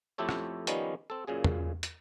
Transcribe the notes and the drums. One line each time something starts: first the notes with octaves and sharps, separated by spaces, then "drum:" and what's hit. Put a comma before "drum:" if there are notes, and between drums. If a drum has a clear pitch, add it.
F2 A3 E4 G4 A4 C#5
drum: rim click
D#3 F3 G3 B3 C#4 D#4, drum: hi-hat
C4 A4
F#2 A#2 C#3 G#4
drum: tom E2
drum: hi-hat